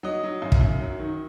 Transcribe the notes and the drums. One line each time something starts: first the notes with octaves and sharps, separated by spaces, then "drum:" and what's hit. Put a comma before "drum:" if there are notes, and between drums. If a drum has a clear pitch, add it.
F#3 D#5
F#3
F#2
drum: kick
F#2
F#3
D#3